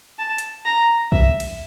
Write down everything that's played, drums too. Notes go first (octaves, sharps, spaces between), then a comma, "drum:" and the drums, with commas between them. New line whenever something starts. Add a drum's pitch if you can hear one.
A5
drum: hi-hat
A#5
E5, drum: kick
drum: cymbal